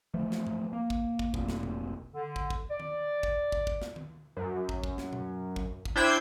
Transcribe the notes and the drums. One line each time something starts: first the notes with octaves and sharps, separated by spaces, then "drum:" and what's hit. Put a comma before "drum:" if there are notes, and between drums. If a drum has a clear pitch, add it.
E3 F3 A3
drum: snare
drum: tom G#2
A#3
drum: kick
drum: kick
F1 B1 A#2, drum: kick
drum: snare
drum: tom B2
D3
drum: kick
drum: kick
D5
drum: tom D#3
drum: kick
drum: kick
drum: kick
drum: snare
drum: tom D#3
F#2
drum: kick
drum: kick
drum: snare
drum: tom B2
drum: kick
drum: kick
D4 E4 C5 G5 G6 G#6